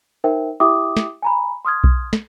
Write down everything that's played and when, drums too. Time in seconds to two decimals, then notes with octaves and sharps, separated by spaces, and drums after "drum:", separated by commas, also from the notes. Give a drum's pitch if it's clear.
0.24 D#4 A#4 C5 E5 G5
0.60 E4 G4 E5 G5 D6 D#6
0.97 drum: snare
1.22 G#5 A#5 B5
1.65 C6 D#6 F6 G#6
1.84 drum: kick B1
2.13 drum: snare